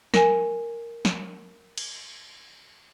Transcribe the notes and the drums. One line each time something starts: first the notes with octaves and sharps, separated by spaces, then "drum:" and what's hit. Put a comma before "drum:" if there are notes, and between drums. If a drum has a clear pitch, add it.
A#4 G#5, drum: snare
drum: snare
drum: cymbal